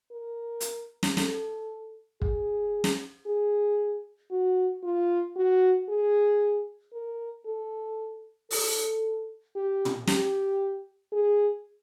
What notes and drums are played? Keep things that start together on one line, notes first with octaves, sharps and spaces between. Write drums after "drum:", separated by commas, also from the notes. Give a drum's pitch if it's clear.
A#4
drum: hi-hat
drum: snare
A4, drum: snare
G#4, drum: kick
drum: snare
G#4
F#4
F4
F#4
G#4
A#4
A4
A4, drum: open hi-hat
G4
drum: tom
G4, drum: snare
G#4